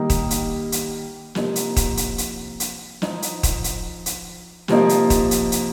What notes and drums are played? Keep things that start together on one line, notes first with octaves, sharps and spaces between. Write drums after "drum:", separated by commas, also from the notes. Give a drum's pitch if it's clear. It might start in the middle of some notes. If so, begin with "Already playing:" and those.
Already playing: D#3 G3 A#3 D#4
drum: kick D#1, hi-hat
drum: hi-hat
drum: hi-hat
C3 F3 A#3 D#4, drum: snare
drum: hi-hat
drum: kick D#1, hi-hat
drum: hi-hat
drum: hi-hat
drum: hi-hat
F3 D#4, drum: snare
drum: hi-hat
drum: kick D#1, hi-hat
drum: hi-hat
drum: hi-hat
C3 F3 A#3 D#4, drum: snare
drum: hi-hat
drum: kick D#1, hi-hat
drum: hi-hat
drum: hi-hat